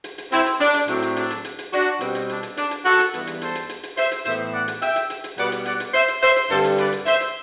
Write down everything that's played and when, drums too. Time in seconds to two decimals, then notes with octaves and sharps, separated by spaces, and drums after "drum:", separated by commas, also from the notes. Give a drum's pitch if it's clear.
0.04 drum: hi-hat
0.18 drum: hi-hat
0.32 C4 E4, drum: hi-hat
0.46 drum: hi-hat
0.60 D4, drum: hi-hat
0.74 drum: hi-hat
0.88 A2 F#3 C4, drum: hi-hat
1.02 drum: hi-hat
1.16 D4, drum: hi-hat
1.30 drum: hi-hat
1.44 drum: hi-hat
1.59 drum: hi-hat
1.73 D4 F#4, drum: hi-hat
2.01 B2 G3 C4, drum: hi-hat
2.15 drum: hi-hat
2.29 D4, drum: hi-hat
2.43 drum: hi-hat
2.57 D4, drum: hi-hat
2.71 drum: hi-hat
2.85 F#4 A4, drum: hi-hat
2.99 drum: hi-hat
3.14 G2 E3 B3, drum: hi-hat
3.27 drum: hi-hat
3.41 A4 C5, drum: hi-hat
3.55 drum: hi-hat
3.69 drum: hi-hat
3.83 drum: hi-hat
3.97 C5 E5, drum: hi-hat
4.11 drum: hi-hat
4.25 A2 E3 B3 C5 E5, drum: hi-hat
4.53 D5 F#5
4.68 drum: hi-hat
4.82 E5 G5, drum: hi-hat
4.96 drum: hi-hat
5.10 drum: hi-hat
5.24 drum: hi-hat
5.38 B2 G3 B3 D5 F#5, drum: hi-hat
5.52 drum: hi-hat
5.65 D5 F#5, drum: hi-hat
5.80 drum: hi-hat
5.94 C5 E5, drum: hi-hat
6.08 drum: hi-hat
6.22 C5 E5, drum: hi-hat
6.36 drum: hi-hat
6.50 G2 D3 G3 C4 A4 C5, drum: hi-hat
6.64 drum: hi-hat
6.78 B4 D5, drum: hi-hat
6.92 drum: hi-hat
7.06 C5 E5, drum: hi-hat
7.21 drum: hi-hat